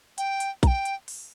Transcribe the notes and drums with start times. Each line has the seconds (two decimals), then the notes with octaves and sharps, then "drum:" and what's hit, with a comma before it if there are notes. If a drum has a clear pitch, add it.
0.18 G5, drum: hi-hat
0.40 drum: hi-hat
0.63 A#5, drum: kick, hi-hat
0.67 G5
0.85 drum: hi-hat
1.08 drum: open hi-hat